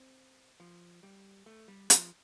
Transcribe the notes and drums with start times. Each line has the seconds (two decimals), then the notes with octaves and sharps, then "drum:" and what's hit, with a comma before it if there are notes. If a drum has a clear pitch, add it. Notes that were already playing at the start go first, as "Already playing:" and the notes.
Already playing: C4
0.60 F3
1.03 G3
1.46 A3
1.68 G3
1.90 F3, drum: hi-hat